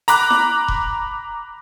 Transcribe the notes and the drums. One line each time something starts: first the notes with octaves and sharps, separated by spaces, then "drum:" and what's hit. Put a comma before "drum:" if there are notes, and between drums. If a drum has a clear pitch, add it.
A#5 B5 D6 F#6, drum: hi-hat
drum: snare E4
drum: kick E1